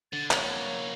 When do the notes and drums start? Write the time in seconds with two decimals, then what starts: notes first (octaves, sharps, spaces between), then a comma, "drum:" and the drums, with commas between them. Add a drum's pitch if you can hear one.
0.13 D3 A6
0.31 A#3 F#4 C#5, drum: clap